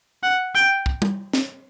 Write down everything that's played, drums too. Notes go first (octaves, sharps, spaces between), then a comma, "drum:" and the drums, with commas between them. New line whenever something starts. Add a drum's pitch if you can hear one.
F#5
G5
drum: kick
drum: tom
drum: snare